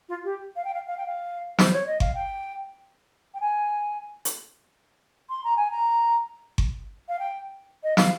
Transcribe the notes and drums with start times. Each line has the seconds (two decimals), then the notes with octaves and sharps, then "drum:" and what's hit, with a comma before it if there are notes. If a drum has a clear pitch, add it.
0.09 F4
0.24 G4
0.56 F5
0.65 G5
0.74 F5
0.87 F5
0.98 G5
1.06 F5
1.59 C5, drum: snare
1.73 C#5
1.86 D#5
2.00 F5, drum: kick G1
2.15 G5
3.34 G5
3.41 G#5
4.25 drum: hi-hat
5.30 C6
5.44 A#5
5.57 G#5
5.71 A#5
6.58 drum: kick G1
7.09 F5
7.19 G5
7.83 D#5
7.97 F5, drum: snare